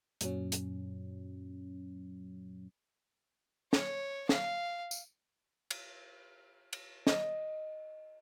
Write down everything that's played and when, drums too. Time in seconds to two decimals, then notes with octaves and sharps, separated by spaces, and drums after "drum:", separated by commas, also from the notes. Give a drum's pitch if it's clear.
0.21 F#2 A#2 F#3 C#4, drum: hi-hat
0.52 drum: hi-hat
3.73 C#5, drum: snare
4.29 F5, drum: snare
4.91 drum: tambourine
5.71 drum: cymbal
6.73 drum: cymbal
7.07 D#5, drum: snare